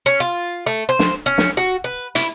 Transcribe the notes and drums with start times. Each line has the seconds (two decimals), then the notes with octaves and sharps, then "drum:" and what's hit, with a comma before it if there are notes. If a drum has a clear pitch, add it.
0.06 C#4
0.20 F4
0.66 A3
0.89 C5
0.99 drum: snare
1.26 C#4
1.38 drum: snare
1.57 F#4
1.84 B4
2.15 E4, drum: hi-hat